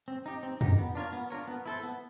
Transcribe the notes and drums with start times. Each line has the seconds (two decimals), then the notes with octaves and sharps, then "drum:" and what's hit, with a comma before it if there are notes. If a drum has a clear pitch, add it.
0.08 C4
0.26 D#4 G4
0.43 C4
0.61 D#4 G4, drum: tom F2
0.79 B3
0.95 D4 F4 A#4 C#5
1.13 B3
1.30 D4 F4 A#4 C#5
1.48 B3
1.66 E4 A4 C5
1.83 B3